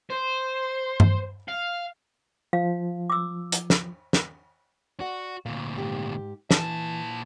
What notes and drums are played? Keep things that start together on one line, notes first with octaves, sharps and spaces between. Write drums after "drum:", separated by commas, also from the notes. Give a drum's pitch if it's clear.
C5
drum: tom G2
F5
F3 F5
D6 E6
drum: hi-hat
drum: snare
drum: snare
F#4 D5 F#5
D2 A#2 F5
G#2 G4
A#2 E3 A5, drum: snare